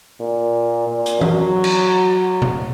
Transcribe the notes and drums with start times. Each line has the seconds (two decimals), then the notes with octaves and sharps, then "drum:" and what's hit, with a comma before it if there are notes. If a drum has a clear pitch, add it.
0.20 A#2
0.88 A#2
1.06 drum: hi-hat
1.21 F#3, drum: tom E3
1.64 drum: cymbal
2.42 drum: tom B2